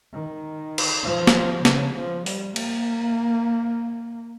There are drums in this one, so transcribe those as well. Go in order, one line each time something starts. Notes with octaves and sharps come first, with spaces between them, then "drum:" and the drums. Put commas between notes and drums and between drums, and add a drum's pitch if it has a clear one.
D#3
drum: cymbal
F3
drum: snare
C#3, drum: snare
F3
G3, drum: open hi-hat
A#3, drum: cymbal